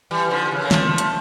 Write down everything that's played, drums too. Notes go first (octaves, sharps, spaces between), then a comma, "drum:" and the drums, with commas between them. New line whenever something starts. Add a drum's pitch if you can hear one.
E3 G3
D3 F3
D3
C#3 E3
A#3
F3 A3, drum: snare
drum: hi-hat